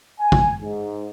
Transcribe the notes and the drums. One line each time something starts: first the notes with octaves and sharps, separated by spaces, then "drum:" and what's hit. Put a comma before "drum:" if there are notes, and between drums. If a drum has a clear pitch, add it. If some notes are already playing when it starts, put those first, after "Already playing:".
G#5
drum: kick G#1
G#2